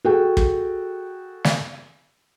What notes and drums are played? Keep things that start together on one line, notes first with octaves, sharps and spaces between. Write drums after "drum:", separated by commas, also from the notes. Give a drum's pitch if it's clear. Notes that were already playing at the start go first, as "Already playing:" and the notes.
F#4 G#4 A4 G5
drum: kick
drum: snare